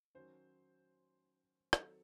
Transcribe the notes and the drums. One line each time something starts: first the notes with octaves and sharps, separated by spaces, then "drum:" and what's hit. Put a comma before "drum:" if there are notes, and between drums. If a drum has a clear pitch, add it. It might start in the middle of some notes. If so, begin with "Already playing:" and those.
D#3 F#3 C#4 C5
D#3 F#3 C4 A4, drum: rim click